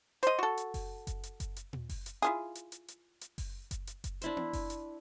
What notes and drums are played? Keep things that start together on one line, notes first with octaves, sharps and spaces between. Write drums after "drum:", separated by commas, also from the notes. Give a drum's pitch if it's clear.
C5 D#5, drum: hi-hat
F#4 A4
drum: hi-hat
drum: kick F#1, open hi-hat
drum: kick F#1, hi-hat
drum: hi-hat
drum: kick F#1, hi-hat
drum: hi-hat
drum: tom A#2
drum: kick F#1, open hi-hat
drum: hi-hat
E4 F4 G#4, drum: hi-hat
drum: hi-hat
drum: hi-hat
drum: hi-hat
drum: hi-hat
drum: kick F#1, open hi-hat
drum: kick F#1, hi-hat
drum: hi-hat
drum: kick F#1, hi-hat
D4 E4 C5, drum: hi-hat
drum: tom B3
drum: kick F#1, open hi-hat
drum: hi-hat